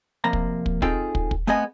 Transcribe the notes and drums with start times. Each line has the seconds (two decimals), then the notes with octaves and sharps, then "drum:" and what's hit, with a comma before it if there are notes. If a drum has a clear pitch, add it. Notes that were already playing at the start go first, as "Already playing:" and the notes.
0.24 F2 C3 A#3 A#5
0.33 drum: kick
0.66 drum: kick
0.82 C4 D#4 F4 G#4 A4 G5, drum: kick
1.15 drum: kick
1.31 drum: kick
1.47 A3 B3 C4 G#4 D#5 G#5